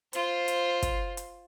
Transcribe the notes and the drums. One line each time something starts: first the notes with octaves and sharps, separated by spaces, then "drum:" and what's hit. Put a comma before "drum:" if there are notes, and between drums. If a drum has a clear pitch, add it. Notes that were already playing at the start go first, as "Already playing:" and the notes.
F4 C5, drum: hi-hat
drum: hi-hat
drum: kick, hi-hat
drum: hi-hat